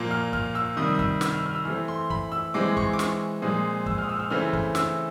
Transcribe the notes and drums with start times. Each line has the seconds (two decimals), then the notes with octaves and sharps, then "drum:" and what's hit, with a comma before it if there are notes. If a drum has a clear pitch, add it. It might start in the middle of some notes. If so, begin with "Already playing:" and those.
Already playing: A#2 F3 A#3
0.11 F6
0.33 F6, drum: kick
0.55 E6
0.77 C3 D#3 G3 D#6
0.88 E6
0.95 D#6
0.99 E6, drum: kick
1.21 E6, drum: snare
1.30 F6
1.39 E6
1.46 F6
1.55 E6
1.65 E3 A3 C4 F6
1.88 C6
2.10 B5, drum: kick
2.32 E6
2.54 E3 G#3 C4 D6
2.77 C#6, drum: kick
2.93 D6
2.99 C#6, drum: snare
3.42 A#2 F3 G#3 C4 D#6
3.86 E6, drum: kick
3.98 F6
4.03 D#6
4.09 E6
4.16 F6
4.20 E6
4.31 C#3 E3 A3 C4 F6
4.53 drum: kick
4.75 E6, drum: snare